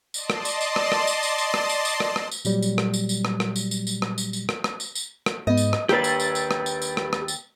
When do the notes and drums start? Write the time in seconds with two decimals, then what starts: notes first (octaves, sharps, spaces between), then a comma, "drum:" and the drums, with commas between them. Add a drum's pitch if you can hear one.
0.14 D5 D#5 A5 C6, drum: tambourine
0.30 drum: rim click
0.45 drum: tambourine
0.61 drum: tambourine
0.76 drum: rim click
0.92 drum: rim click
1.07 drum: tambourine
1.23 drum: tambourine
1.38 drum: tambourine
1.54 drum: rim click
1.69 drum: tambourine
1.85 drum: tambourine
2.00 drum: rim click
2.16 drum: rim click
2.31 drum: tambourine
2.45 A#2 F#3 G3, drum: tambourine
2.63 drum: tambourine
2.78 drum: rim click
2.94 drum: tambourine
3.09 drum: tambourine
3.25 drum: rim click
3.40 drum: rim click
3.56 drum: tambourine
3.71 drum: tambourine
3.87 drum: tambourine
4.02 drum: rim click
4.18 drum: tambourine
4.33 drum: tambourine
4.49 drum: rim click
4.64 drum: rim click
4.80 drum: tambourine
4.95 drum: tambourine
5.26 drum: rim click
5.47 G#2 B3 D#5
5.57 drum: tambourine
5.73 drum: rim click
5.89 D#2 G4 B4 G5 E6 A6, drum: rim click
6.04 drum: tambourine
6.20 drum: tambourine
6.35 drum: tambourine
6.51 drum: rim click
6.66 drum: tambourine
6.82 drum: tambourine
6.97 drum: rim click
7.13 drum: rim click
7.28 drum: tambourine